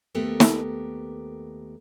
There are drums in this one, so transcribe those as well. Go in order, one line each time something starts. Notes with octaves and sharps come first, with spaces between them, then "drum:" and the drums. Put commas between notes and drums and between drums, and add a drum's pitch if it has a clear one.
D#2 A3 B3 G4 A4 A#4
drum: snare